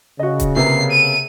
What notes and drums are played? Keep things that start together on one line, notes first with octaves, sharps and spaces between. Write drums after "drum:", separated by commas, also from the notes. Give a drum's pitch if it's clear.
C#3 F#4 D#5
drum: kick D#1, hi-hat
C3 A#3 B3 C7
D#7